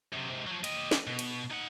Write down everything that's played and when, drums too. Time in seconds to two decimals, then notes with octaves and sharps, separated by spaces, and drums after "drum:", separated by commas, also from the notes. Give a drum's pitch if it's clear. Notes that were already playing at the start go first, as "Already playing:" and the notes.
0.12 F#2 C3
0.30 G#2 C3
0.47 F3 F#3
0.64 G4 D#5, drum: cymbal
0.91 drum: snare
1.07 B2
1.19 drum: cymbal
1.51 D#4 F#5